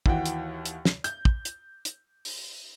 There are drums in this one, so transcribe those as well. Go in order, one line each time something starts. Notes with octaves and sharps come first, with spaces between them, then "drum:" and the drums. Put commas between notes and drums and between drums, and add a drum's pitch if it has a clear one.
D#2 E3 F#4 G5, drum: kick
drum: hi-hat
drum: hi-hat
drum: snare
G6, drum: hi-hat
drum: kick
drum: hi-hat
drum: hi-hat
drum: open hi-hat